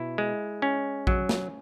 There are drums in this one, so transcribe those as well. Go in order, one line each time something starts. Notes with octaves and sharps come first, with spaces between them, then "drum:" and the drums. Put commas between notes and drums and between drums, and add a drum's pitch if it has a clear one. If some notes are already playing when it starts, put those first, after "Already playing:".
Already playing: B2 E4
G#3
C#4
F#3, drum: kick A#1
drum: snare